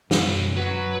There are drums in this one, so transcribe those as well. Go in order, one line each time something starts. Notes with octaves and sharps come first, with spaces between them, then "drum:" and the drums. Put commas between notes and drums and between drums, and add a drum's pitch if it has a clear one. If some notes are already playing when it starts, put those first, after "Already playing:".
B1 F#2 B2, drum: snare
F#3 B4